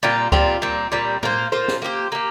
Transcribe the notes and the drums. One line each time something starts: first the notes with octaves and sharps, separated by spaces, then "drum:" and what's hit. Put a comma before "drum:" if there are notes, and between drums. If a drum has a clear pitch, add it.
A#2 G3 C4 F4
A#2 G3 C4 F4, drum: kick C#2
A#2 G3 C4
A#2 G3 C4
A#3 F4 C5, drum: tom
A#3 F4 C5
drum: snare
A#3 G4 C5
A#3 G4